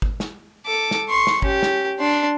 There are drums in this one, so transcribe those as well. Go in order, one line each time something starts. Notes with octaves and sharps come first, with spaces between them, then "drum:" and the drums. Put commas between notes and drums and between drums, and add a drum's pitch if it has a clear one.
drum: kick
drum: snare
A4 D6
drum: snare
C6 C#6
drum: snare
C#4 G4, drum: kick
drum: snare
D4 C6